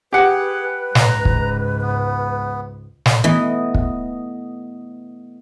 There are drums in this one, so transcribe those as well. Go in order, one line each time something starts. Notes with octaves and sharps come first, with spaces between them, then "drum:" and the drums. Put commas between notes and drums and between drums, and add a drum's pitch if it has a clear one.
G4 G#4 B4 F#5
C#2 G#2 A#5, drum: snare
drum: kick
B3
drum: snare
E3 A3 B3 D#5
drum: kick